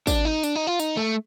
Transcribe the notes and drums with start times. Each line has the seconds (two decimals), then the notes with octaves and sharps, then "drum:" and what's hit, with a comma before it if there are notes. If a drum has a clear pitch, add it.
0.07 D4, drum: kick, tambourine
0.25 D#4
0.43 D4, drum: tambourine
0.55 D#4
0.67 F4
0.79 D#4, drum: tambourine
0.97 A3